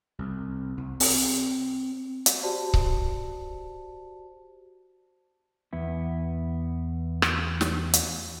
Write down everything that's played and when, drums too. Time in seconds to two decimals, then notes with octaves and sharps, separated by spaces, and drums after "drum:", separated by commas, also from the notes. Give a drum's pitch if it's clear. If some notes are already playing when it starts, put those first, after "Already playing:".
0.19 C2
0.77 C2
1.00 C4, drum: open hi-hat
2.26 drum: hi-hat
2.43 F#4 G4 C5 D5 A5
2.74 drum: kick C#1
5.73 E2 B3 E4
7.22 drum: rim click
7.61 drum: snare
7.93 drum: hi-hat